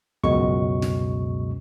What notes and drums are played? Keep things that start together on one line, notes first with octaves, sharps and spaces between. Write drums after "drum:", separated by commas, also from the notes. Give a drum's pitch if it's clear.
C#2 F#2 B2 G#3 C#6, drum: kick
drum: snare